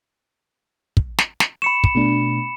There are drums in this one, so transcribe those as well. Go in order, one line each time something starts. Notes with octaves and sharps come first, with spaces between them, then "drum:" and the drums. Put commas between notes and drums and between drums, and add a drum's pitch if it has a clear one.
drum: kick
drum: snare
drum: snare
B5 C#6 C#7 E7
drum: kick
B2 A3 D4